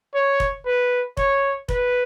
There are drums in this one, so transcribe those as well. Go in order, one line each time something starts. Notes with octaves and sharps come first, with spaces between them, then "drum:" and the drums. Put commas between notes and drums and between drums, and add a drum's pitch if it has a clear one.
C#5
drum: kick F1
B4
C#5, drum: kick F1
B4, drum: kick F1